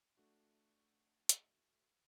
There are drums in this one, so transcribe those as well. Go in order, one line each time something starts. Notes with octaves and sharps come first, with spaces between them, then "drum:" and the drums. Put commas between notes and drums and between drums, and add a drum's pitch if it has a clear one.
A3 D4 F#4
drum: hi-hat